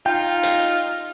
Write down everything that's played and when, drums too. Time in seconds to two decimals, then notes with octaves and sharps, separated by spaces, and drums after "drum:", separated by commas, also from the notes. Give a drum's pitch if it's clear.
0.06 D#4 F4 G5
0.43 drum: hi-hat